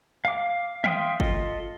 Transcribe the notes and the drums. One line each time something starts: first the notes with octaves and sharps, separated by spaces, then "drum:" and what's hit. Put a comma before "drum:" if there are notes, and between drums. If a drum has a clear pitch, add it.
F5 D6
E5 F5 G5 C6 D#6, drum: tom D#3
F4 A4 D#5, drum: kick G1